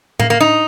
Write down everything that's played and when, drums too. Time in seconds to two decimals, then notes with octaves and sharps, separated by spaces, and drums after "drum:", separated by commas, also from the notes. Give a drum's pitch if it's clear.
0.19 A#3, drum: tom A2
0.30 A#3
0.40 D#4